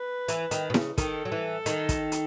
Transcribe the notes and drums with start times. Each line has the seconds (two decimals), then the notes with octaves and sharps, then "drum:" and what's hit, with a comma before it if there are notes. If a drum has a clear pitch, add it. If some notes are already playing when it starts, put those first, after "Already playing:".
Already playing: B4
0.28 E3, drum: hi-hat
0.51 D#3, drum: hi-hat
0.70 B2
0.74 C#3, drum: snare E4
0.98 D#3 A4, drum: kick, hi-hat
1.25 F#3
1.32 E3
1.66 D#3, drum: hi-hat
1.89 drum: kick, hi-hat
2.12 drum: hi-hat